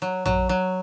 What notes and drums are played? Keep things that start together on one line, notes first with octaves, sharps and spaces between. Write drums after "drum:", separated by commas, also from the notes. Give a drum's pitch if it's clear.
F#3
F#3, drum: tom A#1
F#3